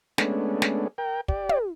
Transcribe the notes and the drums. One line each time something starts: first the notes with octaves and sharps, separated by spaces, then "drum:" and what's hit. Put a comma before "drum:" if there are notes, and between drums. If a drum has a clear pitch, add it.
G#3 A3 B3 C#4 D4, drum: snare
drum: snare
A#4 G5
G4 D5, drum: kick
drum: tom